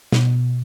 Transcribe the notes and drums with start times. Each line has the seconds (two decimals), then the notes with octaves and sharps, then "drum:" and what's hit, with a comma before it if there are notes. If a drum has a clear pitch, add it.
0.12 B2, drum: snare